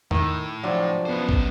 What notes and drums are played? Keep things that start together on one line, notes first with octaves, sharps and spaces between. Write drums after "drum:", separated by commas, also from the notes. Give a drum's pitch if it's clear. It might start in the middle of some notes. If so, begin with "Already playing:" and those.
A2 D#3, drum: tom E2
C3 F3 F#3 D4 D5
F#2 B3 C5
drum: kick